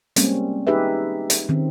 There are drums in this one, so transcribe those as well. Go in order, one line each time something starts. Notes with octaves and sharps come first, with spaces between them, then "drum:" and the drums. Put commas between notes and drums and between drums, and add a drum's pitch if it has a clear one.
G3 G#3 A#3 C4 C#4, drum: hi-hat
D#4 G4 G#4 B4 E5
drum: hi-hat
D#3 C4 C#4